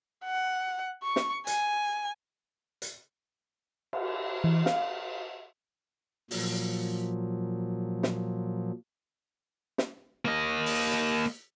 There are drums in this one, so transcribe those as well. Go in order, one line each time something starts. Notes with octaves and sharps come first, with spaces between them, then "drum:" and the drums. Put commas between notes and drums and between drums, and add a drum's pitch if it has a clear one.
F#5
C#6
drum: snare
G#5, drum: hi-hat
drum: hi-hat
drum: cymbal
E3
F5, drum: snare
A#2 F3 F#3, drum: open hi-hat
drum: snare
drum: snare
A#3 D#5
drum: open hi-hat